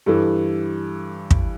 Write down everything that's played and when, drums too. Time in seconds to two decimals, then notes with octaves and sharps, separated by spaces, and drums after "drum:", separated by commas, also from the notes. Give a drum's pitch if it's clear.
0.06 G2 E3 A4
1.31 drum: kick